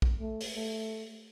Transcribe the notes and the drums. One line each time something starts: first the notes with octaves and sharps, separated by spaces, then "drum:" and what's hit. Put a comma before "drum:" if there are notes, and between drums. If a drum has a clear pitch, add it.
drum: kick
A3
drum: open hi-hat
A3